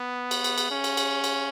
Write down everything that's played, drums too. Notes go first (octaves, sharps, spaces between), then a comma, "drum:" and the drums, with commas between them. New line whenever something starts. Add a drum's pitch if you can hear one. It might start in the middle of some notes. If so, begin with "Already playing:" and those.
Already playing: B3
drum: cymbal
drum: cymbal
drum: cymbal
C#4
drum: cymbal
drum: cymbal
drum: cymbal